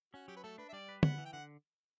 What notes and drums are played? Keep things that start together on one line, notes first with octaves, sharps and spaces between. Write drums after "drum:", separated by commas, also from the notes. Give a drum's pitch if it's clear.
C#4 F#4
F#3 G4
B4
A3 A4
D4 B4
E5
G3 D5
B4
B3 F#5, drum: tom
E3
G5
D3 F#5